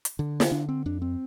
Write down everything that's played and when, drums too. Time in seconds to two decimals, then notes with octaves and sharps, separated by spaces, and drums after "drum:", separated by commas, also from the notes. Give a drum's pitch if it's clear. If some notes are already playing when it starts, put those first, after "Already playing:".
0.05 drum: hi-hat
0.19 D3
0.40 drum: snare
0.51 D3 D4
0.69 C4
0.86 F2 D4
1.02 C4